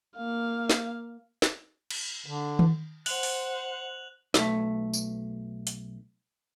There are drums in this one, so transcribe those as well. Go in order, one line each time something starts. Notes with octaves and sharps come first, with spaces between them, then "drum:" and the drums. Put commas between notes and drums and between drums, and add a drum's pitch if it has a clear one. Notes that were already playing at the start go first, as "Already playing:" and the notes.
A#3 F5
drum: snare
drum: snare
drum: cymbal
D3
drum: tom D#3
C5 F#5 F#6 F7 F#7, drum: open hi-hat
drum: open hi-hat
B1 A3, drum: snare
drum: tambourine
drum: hi-hat